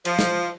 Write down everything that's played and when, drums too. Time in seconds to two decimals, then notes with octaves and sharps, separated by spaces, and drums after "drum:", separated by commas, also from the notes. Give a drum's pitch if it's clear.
0.05 F3, drum: cymbal
0.19 drum: snare